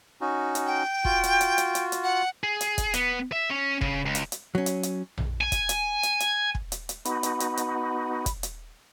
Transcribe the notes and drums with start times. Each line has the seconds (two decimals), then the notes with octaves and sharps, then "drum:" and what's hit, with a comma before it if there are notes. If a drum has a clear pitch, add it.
0.21 C#4 D#4 F#4
0.55 drum: hi-hat
0.67 G5
1.05 F4 F#4, drum: kick
1.24 drum: hi-hat
1.41 drum: hi-hat
1.58 drum: hi-hat
1.75 drum: hi-hat
1.92 drum: hi-hat
2.04 F#5
2.43 G#4
2.61 drum: hi-hat
2.78 drum: kick, hi-hat
2.94 B3, drum: hi-hat
3.32 E5
3.50 C#4
3.81 C#3, drum: kick
4.06 C#2
4.15 drum: hi-hat
4.32 drum: hi-hat
4.55 F#3 C#4
4.66 drum: hi-hat
4.83 drum: hi-hat
5.18 drum: tom A#1
5.41 G#5
5.52 drum: kick, hi-hat
5.69 drum: hi-hat
6.03 drum: hi-hat
6.20 drum: hi-hat
6.55 drum: kick
6.72 drum: hi-hat
6.89 drum: hi-hat
7.05 B3 D#4 F#4 B5, drum: hi-hat
7.23 drum: hi-hat
7.40 drum: hi-hat
7.57 drum: hi-hat
8.26 drum: kick, hi-hat
8.43 drum: hi-hat